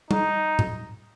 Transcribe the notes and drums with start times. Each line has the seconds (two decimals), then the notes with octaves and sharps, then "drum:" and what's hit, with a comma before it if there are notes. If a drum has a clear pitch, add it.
0.11 D#4, drum: tom G3
0.59 drum: tom A2